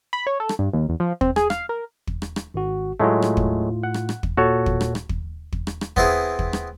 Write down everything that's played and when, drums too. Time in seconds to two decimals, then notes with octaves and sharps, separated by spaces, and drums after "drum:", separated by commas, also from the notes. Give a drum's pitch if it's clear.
0.13 B5
0.27 C#5
0.40 A4
0.49 drum: rim click
0.59 G2
0.73 D#2
0.89 E2
1.00 F3
1.21 C4, drum: kick
1.36 G#4, drum: rim click
1.50 F5, drum: rim click
1.69 A#4
2.07 drum: kick
2.22 drum: rim click
2.36 drum: rim click
2.54 G#1 F#4
3.00 A2 F#3 G#3 A3 F4
3.22 drum: rim click
3.37 drum: kick
3.83 F#5
3.94 drum: rim click
4.09 drum: rim click
4.23 drum: kick
4.37 A#2 F#4 A4 C#5
4.66 drum: kick
4.81 drum: rim click
4.95 drum: rim click
5.09 drum: kick
5.52 drum: kick
5.67 drum: rim click
5.81 drum: rim click
5.96 B3 C4 E4 G#4, drum: kick
6.39 drum: kick
6.53 drum: rim click